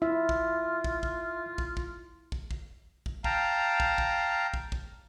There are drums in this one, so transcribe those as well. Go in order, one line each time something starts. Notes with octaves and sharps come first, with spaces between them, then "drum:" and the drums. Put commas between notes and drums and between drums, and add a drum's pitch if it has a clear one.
E4 F4 E5
drum: kick
drum: kick
drum: kick
drum: kick
drum: kick
drum: kick
drum: kick
drum: kick
F5 G5 A5 A#5, drum: kick
drum: kick
drum: kick
drum: kick
drum: kick